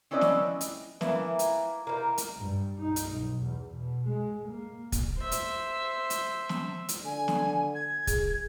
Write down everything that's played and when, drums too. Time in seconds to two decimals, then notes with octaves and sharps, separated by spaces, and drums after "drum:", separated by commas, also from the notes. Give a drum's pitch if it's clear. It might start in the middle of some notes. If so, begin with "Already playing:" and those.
0.11 C4 C#4 E4 B4 D5 D#5
0.21 drum: snare
0.61 drum: hi-hat
1.01 E3 A#3, drum: snare
1.39 drum: hi-hat
1.87 D#3 E3 A#3
2.18 drum: hi-hat
2.37 G2
2.79 D#4
2.96 drum: hi-hat
3.10 B1
3.43 E2
3.72 B2
4.08 G#3
4.48 A#3
4.92 drum: kick, hi-hat
5.18 C5 E5
5.32 drum: hi-hat
6.10 drum: hi-hat
6.49 drum: snare
6.89 drum: hi-hat
7.05 D3 G#5
7.28 drum: snare
7.75 G#6
8.07 G#4, drum: kick, hi-hat